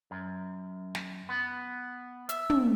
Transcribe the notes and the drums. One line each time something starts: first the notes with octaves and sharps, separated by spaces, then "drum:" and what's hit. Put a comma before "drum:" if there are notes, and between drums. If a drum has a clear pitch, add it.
F#2
drum: snare
B3
E5, drum: hi-hat
drum: tom